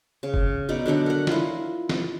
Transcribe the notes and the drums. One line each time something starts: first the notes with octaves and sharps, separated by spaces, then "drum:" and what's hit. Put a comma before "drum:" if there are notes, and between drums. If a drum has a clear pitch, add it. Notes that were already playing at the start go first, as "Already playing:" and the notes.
C#3
drum: kick
B2 D#4 D5
D3 F#3 D4 A4
A#4 F#5
E4 F4, drum: snare
drum: snare